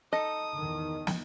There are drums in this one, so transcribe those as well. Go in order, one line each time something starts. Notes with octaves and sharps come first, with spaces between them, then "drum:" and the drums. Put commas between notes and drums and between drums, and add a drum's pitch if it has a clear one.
D#4 A4 D#5 D#6
E2 D#3
drum: snare